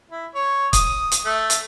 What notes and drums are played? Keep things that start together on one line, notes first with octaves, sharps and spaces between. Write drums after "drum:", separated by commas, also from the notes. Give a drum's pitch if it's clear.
E4
C#5
D#6, drum: kick, hi-hat
drum: hi-hat
A3
drum: hi-hat